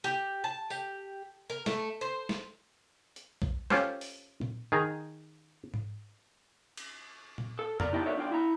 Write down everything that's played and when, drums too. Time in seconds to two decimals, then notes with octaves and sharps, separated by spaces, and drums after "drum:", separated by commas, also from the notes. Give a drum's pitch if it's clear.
0.04 G4
0.44 A5
0.70 G4, drum: tambourine
1.50 A#4
1.66 A3, drum: snare
2.01 C5
2.29 drum: snare
3.16 drum: hi-hat
3.42 drum: kick B1
3.70 C#4 F4 G4 A4 C5, drum: snare
4.01 drum: open hi-hat
4.41 drum: tom A#2
4.72 D#3 G#4 A#5
5.74 drum: tom G#2
6.77 drum: cymbal
7.38 drum: tom A#2
7.59 A4
7.80 A#4 D5 A#5, drum: tom F2
7.93 D#4 E4 G4 D#5 G5 A5
8.05 D#4 F#4 A4 C#5 D5 E5
8.17 D4 F4 G5
8.32 E4 A#5